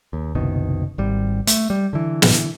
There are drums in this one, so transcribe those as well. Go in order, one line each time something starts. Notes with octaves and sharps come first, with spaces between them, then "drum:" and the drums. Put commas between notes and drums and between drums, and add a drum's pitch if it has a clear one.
D#2
F#1 C2 B2 D#3
G#1 G3
A3, drum: hi-hat
G3
D3 E3
drum: snare